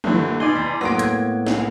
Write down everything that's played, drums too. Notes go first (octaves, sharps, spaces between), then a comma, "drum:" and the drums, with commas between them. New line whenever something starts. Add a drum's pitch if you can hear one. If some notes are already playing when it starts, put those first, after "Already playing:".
G2 A#2 D3 E3 A3, drum: tom
B2 D#4 D5 G#5 C6
E2
A2 F#3 A#3 B3 C6 D7
G#6, drum: hi-hat
C2, drum: snare